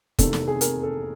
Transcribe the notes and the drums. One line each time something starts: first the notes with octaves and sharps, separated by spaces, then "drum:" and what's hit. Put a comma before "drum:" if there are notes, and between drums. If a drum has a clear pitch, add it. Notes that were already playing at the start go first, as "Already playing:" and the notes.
F1 E2 C3 D#3 A4, drum: kick, hi-hat
drum: snare
G#4
A#4, drum: hi-hat
A4